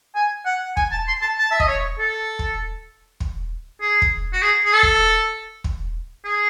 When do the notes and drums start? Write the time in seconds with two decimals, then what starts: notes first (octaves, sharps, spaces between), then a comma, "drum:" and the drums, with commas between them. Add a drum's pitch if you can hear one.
0.15 G#5
0.46 F#5
0.77 G#5, drum: kick
0.92 A5
1.08 C6
1.22 A5
1.38 A5
1.51 E5
1.60 D#5, drum: kick
1.68 C#5
1.99 A4
2.39 drum: kick
3.20 drum: kick
3.81 G#4
4.02 drum: kick
4.33 F#4
4.42 G#4
4.65 G#4
4.73 A4
4.83 drum: kick
5.64 drum: kick
6.25 G#4